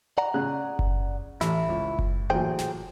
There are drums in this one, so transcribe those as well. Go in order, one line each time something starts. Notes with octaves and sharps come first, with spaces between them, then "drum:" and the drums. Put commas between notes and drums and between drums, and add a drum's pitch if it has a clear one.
D5 F#5 A#5
C#3 G#4 F#6
drum: kick F#1
A1 E4, drum: snare
C#2
drum: kick F#1
A1 A#2 F#3 G#4 C5 G5
drum: snare